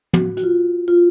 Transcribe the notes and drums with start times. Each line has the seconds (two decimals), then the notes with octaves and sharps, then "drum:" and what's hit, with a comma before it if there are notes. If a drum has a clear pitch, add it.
0.13 F#4, drum: tom
0.37 F#4, drum: hi-hat
0.43 F4
0.88 F4